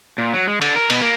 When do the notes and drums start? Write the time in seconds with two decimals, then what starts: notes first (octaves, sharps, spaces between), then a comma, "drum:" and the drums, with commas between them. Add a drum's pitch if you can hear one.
0.18 A#2
0.33 F#3
0.47 G#3
0.62 D3, drum: cymbal
0.76 A#4
0.90 B2, drum: cymbal
1.01 A#3